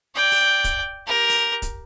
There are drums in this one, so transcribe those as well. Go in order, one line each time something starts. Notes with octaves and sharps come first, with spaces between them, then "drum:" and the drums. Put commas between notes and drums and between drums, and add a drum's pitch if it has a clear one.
D5 G5
drum: open hi-hat
drum: kick, hi-hat
G4 A#4
drum: open hi-hat
drum: kick, hi-hat